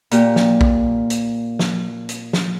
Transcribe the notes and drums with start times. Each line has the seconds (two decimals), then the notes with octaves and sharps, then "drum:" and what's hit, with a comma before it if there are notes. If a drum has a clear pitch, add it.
0.11 A#2 G4, drum: hi-hat
0.36 drum: snare
0.61 drum: kick A#1
1.10 drum: hi-hat
1.59 drum: snare
2.09 drum: hi-hat
2.33 drum: snare